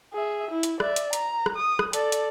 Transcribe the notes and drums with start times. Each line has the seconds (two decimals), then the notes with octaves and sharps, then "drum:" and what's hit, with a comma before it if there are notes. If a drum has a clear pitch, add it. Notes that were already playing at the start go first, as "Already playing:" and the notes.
0.13 G#4 E5
0.51 E4
0.63 drum: hi-hat
0.80 D5 E5, drum: rim click
0.96 drum: hi-hat
1.13 A#5, drum: hi-hat
1.46 drum: rim click
1.55 D#6
1.79 drum: rim click
1.93 A4 D5, drum: hi-hat
2.12 drum: hi-hat